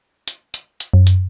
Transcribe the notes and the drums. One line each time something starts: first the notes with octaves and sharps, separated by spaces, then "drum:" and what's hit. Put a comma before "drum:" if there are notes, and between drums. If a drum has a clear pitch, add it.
drum: hi-hat
drum: hi-hat
drum: hi-hat
F#2
drum: hi-hat